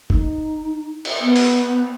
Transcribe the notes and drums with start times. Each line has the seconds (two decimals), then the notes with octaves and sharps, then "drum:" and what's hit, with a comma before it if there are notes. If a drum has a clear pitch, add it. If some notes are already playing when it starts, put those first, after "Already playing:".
0.10 D#4, drum: kick
1.05 drum: cymbal
1.21 B3
1.36 drum: open hi-hat